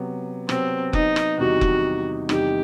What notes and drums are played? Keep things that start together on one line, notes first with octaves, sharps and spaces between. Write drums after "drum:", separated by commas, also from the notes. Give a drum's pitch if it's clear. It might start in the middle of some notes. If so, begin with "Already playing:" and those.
Already playing: C3 F#3 B3
C3 F#3 B3 C4, drum: rim click
D#4, drum: kick F1
drum: rim click
E2 C3 D#3 G3 D#4 F#4
drum: kick F1
E2 C3 D#3 G3 D#4 G4, drum: rim click